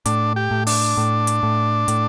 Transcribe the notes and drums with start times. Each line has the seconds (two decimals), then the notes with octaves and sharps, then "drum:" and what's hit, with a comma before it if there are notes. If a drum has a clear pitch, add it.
0.06 A2 D4, drum: hi-hat
0.36 G4
0.51 A2
0.67 D4, drum: open hi-hat
0.97 A2
1.27 drum: hi-hat
1.43 A2
1.88 A2, drum: hi-hat